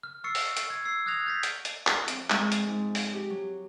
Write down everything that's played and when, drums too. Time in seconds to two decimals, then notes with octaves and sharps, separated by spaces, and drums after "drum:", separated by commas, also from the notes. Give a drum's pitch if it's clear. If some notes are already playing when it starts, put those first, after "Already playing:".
0.03 F6
0.24 C#6 E6 A6 C7 C#7
0.35 drum: open hi-hat
0.57 drum: hi-hat
0.70 G#6
0.85 E6 C7
1.06 D#6 F6 F#6 G#6 A#6 F7
1.26 G6 A6 B6
1.43 drum: hi-hat
1.65 drum: hi-hat
1.87 drum: clap
2.08 F2, drum: hi-hat
2.30 G#3, drum: clap
2.52 drum: hi-hat
2.67 G#2
2.95 drum: open hi-hat
3.13 G4
3.30 F#3